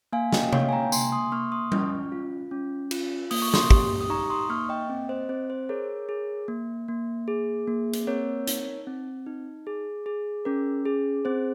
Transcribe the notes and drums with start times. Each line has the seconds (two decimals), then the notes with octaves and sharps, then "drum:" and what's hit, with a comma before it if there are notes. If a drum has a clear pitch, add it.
0.13 A#3 F5 G#5
0.33 D#5 G5, drum: snare
0.53 A#3 C#5 F5, drum: tom C3
0.69 G#5
0.72 G5 A#5
0.92 A#3 G#5 C6, drum: tambourine
1.12 C6 D#6
1.32 A#3 C#6 F6
1.52 C6 D#6
1.72 C#4 C#6 F6, drum: tom G3
2.12 F4
2.51 C#4
2.91 F4, drum: cymbal
3.31 A#3 D#6, drum: open hi-hat
3.42 C#6
3.54 C6 D#6, drum: snare
3.71 G4, drum: kick
4.01 D#6
4.10 D#4 A#5 C#6
4.30 C6 D#6
4.50 A#3 C#6 F6
4.69 D#5 G5
4.90 C4
5.09 C5 D#5
5.29 C4 C5
5.50 C5
5.69 G#4 A#4 C#5
6.09 G#4
6.48 A#3
6.88 A#3
7.28 G#4
7.68 A#3
7.93 drum: hi-hat
8.07 C4 A#4 C#5
8.47 D#4, drum: hi-hat
8.87 C4
9.26 D#4
9.67 G#4
10.06 G#4
10.45 C#4 A#4
10.85 G#4
11.25 C4 C5